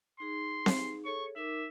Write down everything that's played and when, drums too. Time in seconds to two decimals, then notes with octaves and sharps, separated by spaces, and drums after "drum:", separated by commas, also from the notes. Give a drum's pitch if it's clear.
0.20 D#4 G#4 C6
0.66 drum: snare C4
1.05 G#4 A4 C#5 C#6
1.36 D#4 A#4 E5 D6